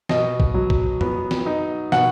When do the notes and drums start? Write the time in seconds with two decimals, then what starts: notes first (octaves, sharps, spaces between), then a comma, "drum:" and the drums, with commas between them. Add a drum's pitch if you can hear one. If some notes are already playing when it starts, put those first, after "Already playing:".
0.09 B2 D#5, drum: snare
0.40 drum: kick
0.54 F#3
0.70 drum: kick
1.01 B3, drum: tom
1.31 drum: snare
1.46 D#4
1.92 B2 F#5, drum: snare